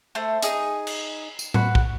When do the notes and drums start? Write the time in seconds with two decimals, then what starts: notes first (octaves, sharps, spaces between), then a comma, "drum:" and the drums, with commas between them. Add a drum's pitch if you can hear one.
0.15 A3 C5
0.43 D#4 G#4, drum: hi-hat
0.87 drum: cymbal
1.39 drum: tambourine
1.54 F#4 B4, drum: tom A2
1.75 drum: kick B1